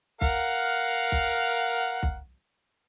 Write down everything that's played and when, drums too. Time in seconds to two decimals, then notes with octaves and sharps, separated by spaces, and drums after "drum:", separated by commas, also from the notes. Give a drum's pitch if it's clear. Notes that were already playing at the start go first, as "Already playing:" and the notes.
0.21 A#4 F5 F#5, drum: kick
1.12 drum: kick
2.03 drum: kick